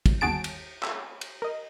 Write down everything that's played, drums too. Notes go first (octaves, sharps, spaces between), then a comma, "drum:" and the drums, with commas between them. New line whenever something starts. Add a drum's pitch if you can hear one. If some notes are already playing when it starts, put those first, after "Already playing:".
drum: kick, cymbal
G1 D#2 F#4 G#4 A5 D7
drum: cymbal
E5, drum: clap
drum: cymbal
A#4 D#5